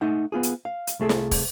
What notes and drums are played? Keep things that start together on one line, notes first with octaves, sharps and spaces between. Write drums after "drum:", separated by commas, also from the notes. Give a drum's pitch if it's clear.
A3 D#4 F#5
B3 F4 G#4
drum: hi-hat
F5
drum: hi-hat
C2 A3 G#4 A4
drum: snare
drum: kick, open hi-hat